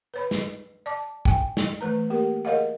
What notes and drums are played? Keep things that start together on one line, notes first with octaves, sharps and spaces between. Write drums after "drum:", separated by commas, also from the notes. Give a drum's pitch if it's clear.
B4 C#5 B5
drum: snare
D5 A5 D6
G5 G#5, drum: kick
drum: snare
E3 A3 B4 A#5
A#3 G4 A#4
G#4 A#4 C#5 D#5 F5 F#5